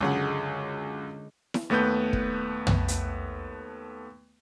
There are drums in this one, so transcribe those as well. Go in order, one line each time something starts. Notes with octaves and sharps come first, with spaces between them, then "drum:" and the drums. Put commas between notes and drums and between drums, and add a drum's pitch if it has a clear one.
C#2 F#2 D3 G#3 G#4 F#5
drum: snare E4
D#2 A3 B3 B4 G6
drum: kick
drum: tom
drum: hi-hat